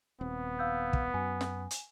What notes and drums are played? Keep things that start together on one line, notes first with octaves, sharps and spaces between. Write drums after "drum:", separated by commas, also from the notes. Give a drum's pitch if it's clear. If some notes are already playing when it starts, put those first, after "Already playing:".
D#1 B3 C4
F5 E6 G6
drum: kick
F#2 G#5
drum: snare
drum: hi-hat